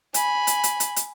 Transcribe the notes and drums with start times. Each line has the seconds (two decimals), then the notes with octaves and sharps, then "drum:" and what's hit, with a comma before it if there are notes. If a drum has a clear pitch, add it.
0.14 G#5 B5, drum: hi-hat
0.47 drum: hi-hat
0.64 drum: hi-hat
0.80 drum: hi-hat
0.96 drum: hi-hat